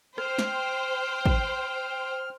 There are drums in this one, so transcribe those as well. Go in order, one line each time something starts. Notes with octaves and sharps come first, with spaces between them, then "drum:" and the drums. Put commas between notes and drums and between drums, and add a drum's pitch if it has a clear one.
C5 G5 F6, drum: rim click
drum: snare
drum: kick